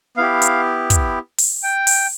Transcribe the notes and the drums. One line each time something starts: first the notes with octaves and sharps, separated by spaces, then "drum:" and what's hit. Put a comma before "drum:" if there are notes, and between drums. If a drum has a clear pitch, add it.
B3 E4 G4 F5
drum: hi-hat
drum: kick, hi-hat
drum: open hi-hat
G5
drum: open hi-hat